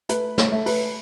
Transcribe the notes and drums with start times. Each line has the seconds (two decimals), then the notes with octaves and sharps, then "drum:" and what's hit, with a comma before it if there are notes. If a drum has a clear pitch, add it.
0.09 A3 B4, drum: hi-hat
0.38 C#5, drum: snare
0.52 A3
0.66 B4, drum: open hi-hat